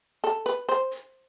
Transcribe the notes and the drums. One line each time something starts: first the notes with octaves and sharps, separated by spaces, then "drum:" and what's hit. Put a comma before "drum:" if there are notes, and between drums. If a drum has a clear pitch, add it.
A4, drum: hi-hat
B4, drum: hi-hat
C5, drum: hi-hat
drum: hi-hat